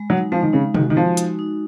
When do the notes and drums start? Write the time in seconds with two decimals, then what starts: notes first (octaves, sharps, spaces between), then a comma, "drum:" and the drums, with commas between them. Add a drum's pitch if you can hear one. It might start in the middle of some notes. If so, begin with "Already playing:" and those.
Already playing: G#3
0.10 F#3 D#4
0.32 F3 G#3
0.42 D#3
0.53 C#3 D#4
0.75 D#3 F#4, drum: tom C3
0.90 D#3
0.96 F3 G#3
1.17 D#4, drum: hi-hat
1.39 D#4